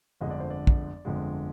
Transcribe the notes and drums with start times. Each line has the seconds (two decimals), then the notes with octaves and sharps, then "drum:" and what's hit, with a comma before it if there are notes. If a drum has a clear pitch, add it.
0.21 G1 F2 D3 G#3 D#5
0.31 D5
0.40 C5
0.50 D5
0.67 drum: kick
1.05 G1 F2 D3 G#3